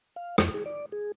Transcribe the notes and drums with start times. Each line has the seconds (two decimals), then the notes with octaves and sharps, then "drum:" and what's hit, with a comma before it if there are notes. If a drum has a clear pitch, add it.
0.16 F5
0.38 F2, drum: rim click
0.54 G#4
0.66 D5
0.92 G#4